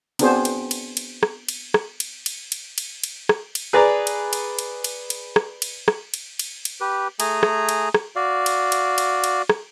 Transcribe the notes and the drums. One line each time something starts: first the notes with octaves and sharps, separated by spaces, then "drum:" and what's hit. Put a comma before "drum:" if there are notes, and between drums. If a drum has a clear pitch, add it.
B3 C4 D4 F#4 G#4 C5, drum: cymbal
drum: cymbal
drum: cymbal
drum: cymbal
drum: rim click
drum: cymbal
drum: rim click
drum: cymbal
drum: cymbal
drum: cymbal
drum: cymbal
drum: cymbal
drum: rim click
drum: cymbal
G#4 B4 D5 A#5
drum: cymbal
drum: cymbal
drum: cymbal
drum: cymbal
drum: cymbal
drum: rim click
drum: cymbal
drum: rim click
drum: cymbal
drum: cymbal
drum: cymbal
G4 B4
A3 G#4 G#5 A#5, drum: cymbal
drum: rim click
drum: cymbal
drum: rim click
F#4 D5 F5
drum: cymbal
drum: cymbal
drum: cymbal
drum: cymbal
drum: rim click